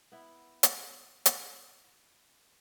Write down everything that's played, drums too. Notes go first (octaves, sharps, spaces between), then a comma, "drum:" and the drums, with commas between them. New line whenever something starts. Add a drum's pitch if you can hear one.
B3 E4
drum: hi-hat
drum: hi-hat